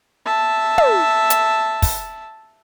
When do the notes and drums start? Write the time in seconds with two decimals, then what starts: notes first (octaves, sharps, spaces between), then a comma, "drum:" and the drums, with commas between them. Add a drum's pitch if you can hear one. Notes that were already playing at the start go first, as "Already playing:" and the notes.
0.26 E5 A5
0.78 drum: tom
1.30 drum: hi-hat
1.82 drum: kick, open hi-hat